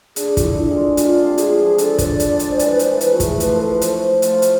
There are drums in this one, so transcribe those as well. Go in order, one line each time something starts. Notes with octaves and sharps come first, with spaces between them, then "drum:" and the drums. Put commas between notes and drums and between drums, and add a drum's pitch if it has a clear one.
D3 G#4, drum: hi-hat
F4, drum: kick, hi-hat
D3 E4
E4
G#3 F4
D4 F4, drum: hi-hat
C3
G#4, drum: hi-hat
F3
D3 A4, drum: hi-hat
D5, drum: kick, hi-hat
D3
D5, drum: hi-hat
G#3
D5, drum: hi-hat
C5
E3 D5, drum: hi-hat
B4
C5, drum: hi-hat
E3
B4, drum: hi-hat
A3 F4
G#4, drum: kick, hi-hat
C5
F3 B4, drum: hi-hat
A4
F3 B4
C5, drum: hi-hat
A3
F4, drum: hi-hat
drum: hi-hat